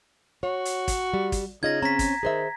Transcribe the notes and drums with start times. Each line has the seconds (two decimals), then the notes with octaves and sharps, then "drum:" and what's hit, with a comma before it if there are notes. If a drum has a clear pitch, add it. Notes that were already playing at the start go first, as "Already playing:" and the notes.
0.43 F#4 C#5
0.65 drum: hi-hat
0.88 drum: kick, hi-hat
1.14 G3
1.32 drum: kick, hi-hat
1.63 C#3 D#4 F4 D#5 G#6 A#6
1.82 C4 C#4 A#5 B6
1.99 drum: kick, hi-hat
2.23 D#3 G#4 C5 E5